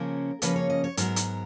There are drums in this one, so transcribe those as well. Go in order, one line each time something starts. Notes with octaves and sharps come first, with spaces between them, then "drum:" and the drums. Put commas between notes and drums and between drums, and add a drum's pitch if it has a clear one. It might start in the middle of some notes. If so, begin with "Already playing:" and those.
Already playing: C#3 F3 A#3 C#4 A#4
C#3 F3 A#3 C#4 B4, drum: hi-hat
C#5
D#5
C#5
G#2 F#3 B3 A#4, drum: hi-hat
drum: hi-hat